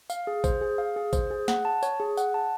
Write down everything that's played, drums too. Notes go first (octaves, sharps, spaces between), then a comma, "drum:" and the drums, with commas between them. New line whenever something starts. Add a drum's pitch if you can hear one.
F5, drum: tambourine
G#4
C5, drum: kick A1, tambourine
G#4
F5
G#4
C5, drum: kick A1, tambourine
G#4
F#5, drum: snare
A5
C#5, drum: tambourine
G#4
F#5, drum: tambourine
A5